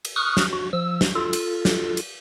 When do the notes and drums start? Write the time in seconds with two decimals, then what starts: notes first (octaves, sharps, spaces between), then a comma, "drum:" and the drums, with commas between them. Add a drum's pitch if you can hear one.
0.05 drum: cymbal
0.16 C#6 D#6 F6 F#6
0.37 drum: snare
0.53 F#4
0.73 F3 E6
1.01 drum: snare
1.15 F4 A4
1.33 drum: cymbal
1.65 drum: snare
1.97 drum: cymbal